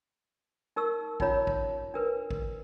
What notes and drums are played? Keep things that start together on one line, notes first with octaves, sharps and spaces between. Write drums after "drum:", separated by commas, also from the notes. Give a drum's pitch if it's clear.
D#4 A#4 C#6 E6
C#4 D#4 F4 C#5 A#5, drum: kick A1
drum: kick A1
D4 A#4 B4
drum: kick A1